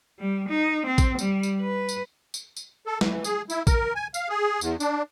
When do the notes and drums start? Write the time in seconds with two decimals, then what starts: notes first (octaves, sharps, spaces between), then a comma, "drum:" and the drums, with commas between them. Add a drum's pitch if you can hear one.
0.19 G3
0.49 D#4
0.87 C4
0.98 drum: kick, tambourine
1.19 G3, drum: tambourine
1.43 drum: tambourine
1.61 B4
1.89 drum: tambourine
2.34 drum: tambourine
2.57 drum: tambourine
2.86 A4
3.01 E3, drum: snare
3.24 G#4, drum: tambourine
3.50 E4, drum: tambourine
3.67 A#4, drum: kick, tambourine
3.95 G#5
4.14 F5, drum: tambourine
4.29 G#4
4.61 E2, drum: tambourine
4.80 D4, drum: tambourine